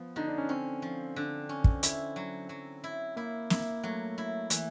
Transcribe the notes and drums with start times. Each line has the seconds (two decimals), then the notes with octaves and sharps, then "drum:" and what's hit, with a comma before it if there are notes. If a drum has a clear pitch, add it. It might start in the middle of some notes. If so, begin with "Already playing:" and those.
Already playing: F3 B3
0.16 D3 D#4
0.28 D4
0.38 C#4
0.49 C4 C#4
0.82 F3
1.16 D3
1.49 C#4
1.64 drum: kick
1.83 E4, drum: hi-hat
2.16 F#3
2.49 F#3
2.84 E4
3.16 A#3 E4
3.50 A#3 E4, drum: snare
3.83 F#3 A3
4.18 E4
4.50 E3, drum: hi-hat